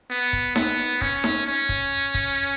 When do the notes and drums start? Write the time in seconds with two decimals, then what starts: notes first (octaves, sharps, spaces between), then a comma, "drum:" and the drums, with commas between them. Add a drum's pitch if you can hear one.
0.10 B3
0.33 drum: kick
0.56 B3, drum: snare D#4
1.01 C#4, drum: kick
1.24 drum: snare D#4
1.47 C#4
1.69 drum: kick
2.14 drum: kick